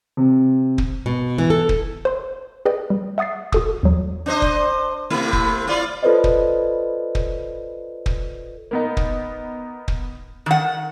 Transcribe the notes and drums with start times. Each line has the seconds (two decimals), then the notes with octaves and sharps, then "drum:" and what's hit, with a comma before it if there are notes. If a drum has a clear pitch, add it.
0.17 C3
0.78 drum: kick
1.06 B2
1.38 E3
1.50 A4
1.69 drum: kick
2.05 C5 C6
2.66 G#4 B4 D5 D#5 G5
2.90 G3
3.18 E5 F#5 D#6 A6 C7
3.52 F#4 A4 D#6, drum: kick
3.83 E2 F#3
4.26 D4 C5 D#5
4.42 drum: kick
5.10 C3 A3 E4
5.33 drum: kick
5.67 E4 F4 D5
6.03 F4 A4 B4 C5 D5 D#5
6.24 drum: kick
7.15 drum: kick
8.06 drum: kick
8.71 A#3 B3 D#4
8.97 drum: kick
9.88 drum: kick
10.46 D#3 F#5